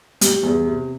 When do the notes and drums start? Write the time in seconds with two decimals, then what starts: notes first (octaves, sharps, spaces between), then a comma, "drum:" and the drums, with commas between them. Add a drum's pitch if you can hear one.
0.21 G3, drum: hi-hat
0.43 E2
0.65 C3